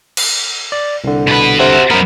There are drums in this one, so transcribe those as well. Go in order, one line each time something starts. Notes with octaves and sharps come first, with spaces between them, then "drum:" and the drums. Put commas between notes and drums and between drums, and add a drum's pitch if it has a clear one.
drum: cymbal
D5
C2 D3
B2 B4
C3 F#4 E5
F#2 B3 A#4 C5